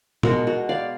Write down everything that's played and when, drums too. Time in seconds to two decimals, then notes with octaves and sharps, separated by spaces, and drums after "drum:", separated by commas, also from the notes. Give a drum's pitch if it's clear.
0.23 B2 G#3 B3 F#4 A#4, drum: tom
0.47 F#4 A#4
0.69 D5 F5